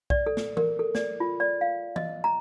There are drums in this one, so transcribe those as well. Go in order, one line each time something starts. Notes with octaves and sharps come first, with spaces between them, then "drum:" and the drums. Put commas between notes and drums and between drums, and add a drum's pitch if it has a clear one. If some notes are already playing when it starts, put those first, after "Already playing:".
D5, drum: kick B1
A4
drum: snare
A#4, drum: tom E3
A4
D5, drum: snare
F4
D5
F5
D#5, drum: tom E3
A#5